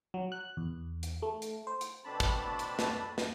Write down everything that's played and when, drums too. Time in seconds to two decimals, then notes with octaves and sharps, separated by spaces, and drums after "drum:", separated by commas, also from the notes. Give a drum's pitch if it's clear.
0.14 F#3
0.32 F#6
0.57 E2
1.03 drum: hi-hat
1.22 A3
1.42 drum: hi-hat
1.67 C5
1.81 drum: hi-hat
2.04 B2 A3 C4 D4 A5 B5
2.20 drum: kick, hi-hat
2.59 drum: hi-hat
2.79 drum: snare
3.18 drum: snare